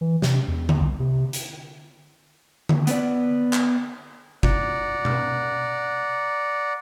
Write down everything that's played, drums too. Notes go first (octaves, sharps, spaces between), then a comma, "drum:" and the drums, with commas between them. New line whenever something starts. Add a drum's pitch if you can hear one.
E3
C3, drum: snare
E2
drum: tom D3
C2
C3
drum: hi-hat
drum: tom D3
B3 B4 D5, drum: hi-hat
drum: clap
D5 F#5 A#5, drum: kick G1
drum: tom B2